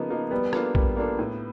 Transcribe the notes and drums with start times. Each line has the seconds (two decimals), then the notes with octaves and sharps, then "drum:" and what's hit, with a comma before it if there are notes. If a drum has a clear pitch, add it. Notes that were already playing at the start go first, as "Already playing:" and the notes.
Already playing: C#3 F3 A#3 B3 D#4
0.10 F3 A#3 D#4
0.31 G3 B3
0.53 A#3 D4 F4 A4, drum: rim click
0.75 G3, drum: kick
0.97 A#3 D4 F4 A4
1.19 A2